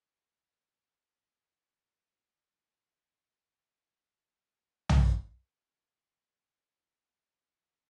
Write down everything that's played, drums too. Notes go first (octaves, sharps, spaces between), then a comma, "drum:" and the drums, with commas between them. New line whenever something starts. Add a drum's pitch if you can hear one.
C4 F#4 G4 E5
B3 D#4 F#4 A#4
drum: tom B1
D#5
A#5
A5
D4
D#6
F5